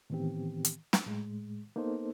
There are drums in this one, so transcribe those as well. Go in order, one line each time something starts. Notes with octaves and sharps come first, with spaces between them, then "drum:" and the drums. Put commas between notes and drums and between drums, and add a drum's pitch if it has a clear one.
A2 D#3 E3 B3 C4 G4
drum: hi-hat
drum: snare
A2 G#3
A#3 B3 D#4 A4 C5